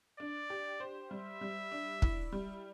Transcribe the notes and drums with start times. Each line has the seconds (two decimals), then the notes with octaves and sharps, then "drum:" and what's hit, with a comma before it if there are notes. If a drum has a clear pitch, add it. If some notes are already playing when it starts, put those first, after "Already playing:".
0.19 D4 D5
0.50 G4
0.80 C5
1.11 G3 E5
1.41 G3
1.71 D4
2.02 E4, drum: kick
2.32 G3